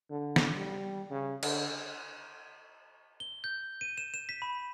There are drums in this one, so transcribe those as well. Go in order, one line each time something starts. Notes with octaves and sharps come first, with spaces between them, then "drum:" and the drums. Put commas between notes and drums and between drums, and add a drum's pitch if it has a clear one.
D3
drum: snare
G3
C#3
D3, drum: cymbal
G7
G6
D#7
E7
E7
B6
B5